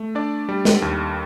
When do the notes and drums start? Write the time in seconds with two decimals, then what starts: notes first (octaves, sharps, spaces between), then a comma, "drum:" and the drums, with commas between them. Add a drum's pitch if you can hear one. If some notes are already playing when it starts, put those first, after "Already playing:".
Already playing: A3
0.15 D4 D5
0.49 G3
0.65 drum: snare
0.82 D#2